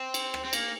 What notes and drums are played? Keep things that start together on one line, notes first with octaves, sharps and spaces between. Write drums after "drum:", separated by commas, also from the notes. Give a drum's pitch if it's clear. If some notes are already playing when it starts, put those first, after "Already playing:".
Already playing: C4
drum: cymbal
drum: rim click
C4
A#3, drum: cymbal